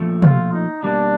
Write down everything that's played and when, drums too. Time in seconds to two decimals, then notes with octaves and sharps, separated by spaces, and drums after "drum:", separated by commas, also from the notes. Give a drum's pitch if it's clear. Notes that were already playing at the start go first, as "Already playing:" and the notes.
Already playing: A#2 F3 A3
0.22 F4, drum: tom
0.52 D#4
0.83 B2 G3 A#3 D4